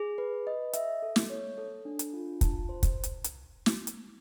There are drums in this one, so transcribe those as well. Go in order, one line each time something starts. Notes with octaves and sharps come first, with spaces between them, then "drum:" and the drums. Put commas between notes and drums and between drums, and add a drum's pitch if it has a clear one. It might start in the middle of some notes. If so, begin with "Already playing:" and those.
Already playing: G#4
B4
D#5
E5, drum: hi-hat
A4
drum: snare
C#5
A4
D4
drum: hi-hat
F4
A5, drum: kick, hi-hat
C5
drum: kick, hi-hat
drum: hi-hat
drum: hi-hat
drum: snare
drum: hi-hat